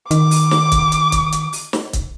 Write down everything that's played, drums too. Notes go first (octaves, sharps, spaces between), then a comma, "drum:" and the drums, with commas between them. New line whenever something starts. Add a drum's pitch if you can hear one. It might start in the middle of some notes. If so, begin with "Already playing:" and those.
D#3 D6, drum: hi-hat
drum: open hi-hat
drum: snare
drum: kick C#1, hi-hat
drum: hi-hat
drum: kick C#1, hi-hat
drum: hi-hat
drum: open hi-hat
drum: snare
drum: kick C#1, hi-hat